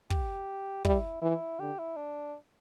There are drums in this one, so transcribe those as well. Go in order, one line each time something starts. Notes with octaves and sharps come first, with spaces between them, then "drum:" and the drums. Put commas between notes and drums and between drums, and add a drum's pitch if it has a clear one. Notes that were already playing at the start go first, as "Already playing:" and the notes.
G4, drum: kick
G3 E4, drum: kick
E3 E4
D3 G4
E4
D4